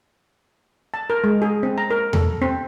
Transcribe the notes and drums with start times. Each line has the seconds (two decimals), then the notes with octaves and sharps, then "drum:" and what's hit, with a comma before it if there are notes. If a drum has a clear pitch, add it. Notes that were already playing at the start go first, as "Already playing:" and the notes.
0.94 A5
1.10 A#4
1.24 G#3
1.42 G#4
1.63 C4
1.78 A#5
1.91 A#4
2.13 A4, drum: tom E2
2.42 C4